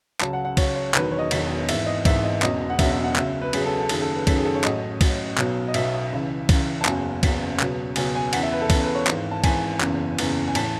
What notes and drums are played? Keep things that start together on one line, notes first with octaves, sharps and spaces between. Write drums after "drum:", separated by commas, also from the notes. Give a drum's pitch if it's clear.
C#2 C#3 F#3 A5, drum: clap
F#5
F#5
C#2 C#3 F#3 C#5, drum: kick C2, cymbal
C#5
E1 E2 D#3 F#3 B4, drum: clap
C#5
D#5
E1 E2 D#3 F#3, drum: cymbal
G#1 G#2 E3 E5, drum: cymbal
D#5
G#1 G#2 E3 E5, drum: kick C2, cymbal
D#5
E1 E2 C#3 F#3 D#5, drum: clap
F#5
E1 E2 C#3 F#3 E5, drum: kick C2, cymbal
E5
F#5
C#2 C#3 F#3 E5, drum: clap
B4
C#2 C#3 F#3 G#4, drum: cymbal
A4
A4
F#1 F#2 D#3 F#3 G#4, drum: cymbal
A4
B4
F#1 F#2 D#3 F#3 A4, drum: kick C2, cymbal
G#4
A4
C#5
A1 A2 F#3 D#5, drum: clap
A1 A2 F#3, drum: kick C2, cymbal
B1 B2 F#3, drum: clap
D#5
B1 B2 F#3 E5, drum: cymbal
C#2 C#3 E3
C#2 C#3 E3, drum: kick C2, cymbal
A5
F#1 E2 C#3 F#3 G#5, drum: clap
F#1 E2 C#3 F#3, drum: kick C2, cymbal
C#2 B2 F#3, drum: clap
C#2 B2 F#3 G#5, drum: cymbal
G#5
E2 C#3 E3 F#5, drum: cymbal
E5
B4
A4
E2 C#3 E3, drum: kick C2, cymbal
B4
C#5
G#1 G#2 E3, drum: clap
A5
G#1 G#2 E3 G#5, drum: kick C2, cymbal
F#1 E2 C#3 E3, drum: clap
F#1 E2 C#3 E3, drum: cymbal
G#5
A2 E3 A5, drum: cymbal